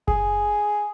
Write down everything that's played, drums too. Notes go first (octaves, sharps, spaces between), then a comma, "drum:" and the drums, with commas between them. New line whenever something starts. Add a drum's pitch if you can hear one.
G#4, drum: kick F#1